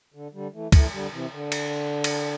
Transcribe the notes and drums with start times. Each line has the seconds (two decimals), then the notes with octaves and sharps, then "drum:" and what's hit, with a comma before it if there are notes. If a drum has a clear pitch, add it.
0.14 D3
0.33 D3 G3
0.54 E3 A3
0.72 E3 A3, drum: kick C#2, cymbal
0.93 D3 G3
1.12 C3 E3
1.32 D3
1.52 drum: cymbal
2.04 drum: cymbal